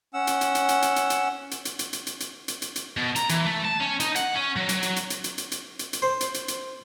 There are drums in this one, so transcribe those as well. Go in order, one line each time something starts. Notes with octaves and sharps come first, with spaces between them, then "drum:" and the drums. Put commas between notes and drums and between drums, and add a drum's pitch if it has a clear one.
C#4 F#5 E6
drum: hi-hat
drum: hi-hat
drum: hi-hat
drum: hi-hat
drum: hi-hat
drum: hi-hat
drum: hi-hat
drum: hi-hat
drum: hi-hat
drum: hi-hat
drum: hi-hat
drum: hi-hat
drum: hi-hat
drum: hi-hat
drum: hi-hat
drum: hi-hat
B2
A#5, drum: hi-hat
E3, drum: hi-hat
A3
A5
C#4
D#4, drum: hi-hat
F#5, drum: hi-hat
C#4
F#3
F#3, drum: hi-hat
drum: hi-hat
drum: hi-hat
drum: hi-hat
drum: hi-hat
drum: hi-hat
drum: hi-hat
drum: hi-hat
drum: hi-hat
C5
drum: hi-hat
drum: hi-hat
drum: hi-hat